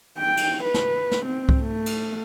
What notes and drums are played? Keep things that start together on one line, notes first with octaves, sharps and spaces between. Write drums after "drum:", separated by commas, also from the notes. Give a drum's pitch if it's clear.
G5
drum: cymbal
B4
drum: snare
drum: snare
C4
drum: kick C2
A3
drum: cymbal